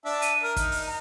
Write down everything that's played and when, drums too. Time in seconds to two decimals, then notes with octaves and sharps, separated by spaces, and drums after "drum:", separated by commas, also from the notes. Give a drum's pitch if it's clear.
0.05 D4 E5 A5
0.22 D#7, drum: hi-hat
0.43 A#4 F6
0.56 D#4, drum: kick, hi-hat
0.72 drum: open hi-hat
0.87 A#5